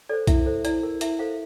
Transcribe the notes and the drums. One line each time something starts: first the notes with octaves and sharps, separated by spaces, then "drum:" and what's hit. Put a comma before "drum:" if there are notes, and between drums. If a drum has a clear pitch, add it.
A4 C5 D5
E4 E5, drum: kick B1, hi-hat
A4 C5
E4 D5, drum: hi-hat
A#4
E4 E5, drum: hi-hat
A4 C5 F5